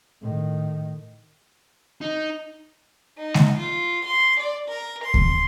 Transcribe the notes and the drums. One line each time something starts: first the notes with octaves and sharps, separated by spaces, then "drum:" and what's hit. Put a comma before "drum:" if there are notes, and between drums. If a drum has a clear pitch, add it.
A2 D#3
D#4
D#4
drum: snare G#3
F4
C6
D5
A#4
C6
drum: kick D#2